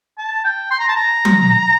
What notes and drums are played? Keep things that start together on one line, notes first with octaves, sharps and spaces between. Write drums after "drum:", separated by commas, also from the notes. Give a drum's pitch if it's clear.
A5
G5
C6
A#5
A5
A#5
drum: tom F#3